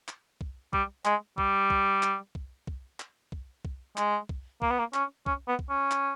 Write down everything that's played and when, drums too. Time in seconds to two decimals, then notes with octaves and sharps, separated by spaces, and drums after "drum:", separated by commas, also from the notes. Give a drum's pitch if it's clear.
0.08 drum: clap
0.41 drum: kick
0.73 G3, drum: kick
1.05 G#3, drum: clap
1.38 G3, drum: kick
1.70 drum: kick
2.03 drum: clap
2.35 drum: kick
2.67 drum: kick
3.00 drum: clap
3.32 drum: kick
3.65 drum: kick
3.97 G#3, drum: clap
4.29 drum: kick
4.62 A#3, drum: kick
4.70 B3
4.79 A#3
4.94 C#4, drum: clap
5.26 C#4, drum: kick
5.48 B3
5.59 drum: kick
5.69 C#4
5.91 drum: clap